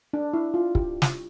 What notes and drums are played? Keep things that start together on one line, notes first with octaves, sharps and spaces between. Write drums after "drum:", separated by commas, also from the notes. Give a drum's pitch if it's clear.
D4
E4
F4
G4, drum: kick
drum: snare